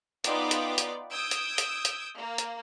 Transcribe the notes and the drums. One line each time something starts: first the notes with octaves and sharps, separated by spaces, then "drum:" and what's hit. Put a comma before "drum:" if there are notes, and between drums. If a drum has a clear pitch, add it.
B3 D#4 F4 D5 G5 D6, drum: hi-hat
drum: hi-hat
drum: hi-hat
D#6 E6 G6 G#6 D7
drum: hi-hat
drum: hi-hat
drum: hi-hat
A#3
drum: hi-hat